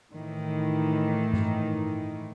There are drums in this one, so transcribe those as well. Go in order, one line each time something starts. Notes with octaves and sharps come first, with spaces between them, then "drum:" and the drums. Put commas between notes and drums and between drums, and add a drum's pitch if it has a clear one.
A2 D#3 E3
drum: tom G2